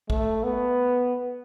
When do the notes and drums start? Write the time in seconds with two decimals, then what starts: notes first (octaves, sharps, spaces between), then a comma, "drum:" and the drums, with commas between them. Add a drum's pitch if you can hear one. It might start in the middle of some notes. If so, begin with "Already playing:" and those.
0.10 A3, drum: kick
0.44 B3